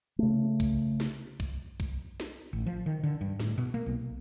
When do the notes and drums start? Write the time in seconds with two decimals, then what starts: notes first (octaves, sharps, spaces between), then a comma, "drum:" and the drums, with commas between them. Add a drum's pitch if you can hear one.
0.19 C#3 A3
0.60 drum: kick A#1, hi-hat
1.00 drum: snare
1.40 drum: kick A#1, hi-hat
1.80 drum: kick A#1, hi-hat
2.20 drum: snare
2.53 A1
2.66 F3
2.86 D#3
3.03 D3
3.21 G2
3.40 A2, drum: snare
3.58 B2
3.74 A#3
3.86 B1